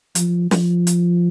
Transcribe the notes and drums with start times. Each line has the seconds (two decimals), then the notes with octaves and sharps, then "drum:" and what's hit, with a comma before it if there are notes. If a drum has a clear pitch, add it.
0.15 F3, drum: hi-hat
0.51 F3, drum: snare
0.87 drum: hi-hat